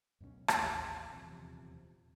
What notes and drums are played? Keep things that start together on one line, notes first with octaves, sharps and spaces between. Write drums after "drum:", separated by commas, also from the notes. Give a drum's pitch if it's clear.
F#2 B2 B3 C#4
A1 D#2, drum: rim click
D#1 E2 C3 F3